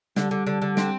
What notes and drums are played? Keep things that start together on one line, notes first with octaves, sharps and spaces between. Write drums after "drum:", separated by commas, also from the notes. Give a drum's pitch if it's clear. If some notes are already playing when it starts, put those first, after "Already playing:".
D3 G3, drum: snare
D3
D3
D3
C4, drum: snare